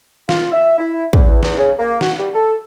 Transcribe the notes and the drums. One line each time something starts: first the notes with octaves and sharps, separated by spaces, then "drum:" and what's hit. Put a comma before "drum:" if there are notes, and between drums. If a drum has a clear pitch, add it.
F4, drum: snare
E5
E4
E2, drum: kick
E2, drum: snare
C#3
A#3
F#4, drum: snare
G3
A4